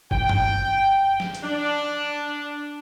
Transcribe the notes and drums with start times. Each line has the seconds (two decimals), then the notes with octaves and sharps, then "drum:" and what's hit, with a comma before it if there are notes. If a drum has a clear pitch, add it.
0.11 G5, drum: kick
0.29 drum: tom G2
1.20 drum: snare
1.34 drum: hi-hat
1.44 D4